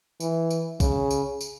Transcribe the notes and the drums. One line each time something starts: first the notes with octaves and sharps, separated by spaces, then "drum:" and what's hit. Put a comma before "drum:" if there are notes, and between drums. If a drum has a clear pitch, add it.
E3, drum: tambourine
drum: tambourine
C#3, drum: kick, tambourine
drum: tambourine
drum: tambourine